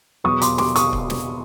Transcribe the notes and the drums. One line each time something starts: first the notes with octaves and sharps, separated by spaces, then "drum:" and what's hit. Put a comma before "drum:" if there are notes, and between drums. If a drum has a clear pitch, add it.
E2 B2 F#3 B3 C#6 D#6
C6 D6, drum: hi-hat
C6 D6, drum: snare
C#6 D#6, drum: hi-hat
drum: kick C#1
drum: snare